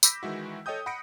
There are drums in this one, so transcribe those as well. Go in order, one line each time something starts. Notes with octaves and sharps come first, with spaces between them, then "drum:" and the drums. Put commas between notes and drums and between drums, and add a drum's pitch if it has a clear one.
B5 D6 E6 G6 A#6 B6, drum: tambourine
D#3 E3 G#3 E4 F#4
A4 C#5 D#5 G5 D#6 G6
F#5 B5 D#6 A#6 C#7 D7